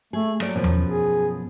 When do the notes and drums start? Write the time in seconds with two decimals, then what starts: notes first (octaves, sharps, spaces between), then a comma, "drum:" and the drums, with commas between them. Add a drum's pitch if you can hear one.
0.13 A3 G#4
0.40 F#3 A3 D5, drum: rim click
0.55 F#2 B2 F3
0.64 drum: tom E2
0.87 G#4